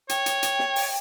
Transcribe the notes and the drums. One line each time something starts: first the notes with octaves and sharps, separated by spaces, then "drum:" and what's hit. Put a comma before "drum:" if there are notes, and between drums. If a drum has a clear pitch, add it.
C#5 G5, drum: hi-hat
drum: hi-hat
drum: hi-hat
drum: snare
drum: open hi-hat